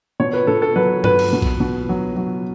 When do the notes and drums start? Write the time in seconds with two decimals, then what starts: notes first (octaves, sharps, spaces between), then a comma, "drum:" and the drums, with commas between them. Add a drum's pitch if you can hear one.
0.20 B2 C#5
0.33 B4
0.47 B2 A4
0.62 A4
0.76 F#3 B4
1.04 F#3 B4, drum: tom G2
1.19 drum: cymbal
1.33 B2
1.42 drum: kick A#1
1.60 B2
1.89 F#3
2.17 F#3